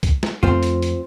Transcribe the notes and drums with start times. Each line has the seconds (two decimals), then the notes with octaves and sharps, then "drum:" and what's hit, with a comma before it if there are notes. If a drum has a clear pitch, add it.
0.03 drum: kick C2, hi-hat
0.23 drum: snare
0.43 F2 A3 C4 F4
0.63 drum: hi-hat
0.82 drum: hi-hat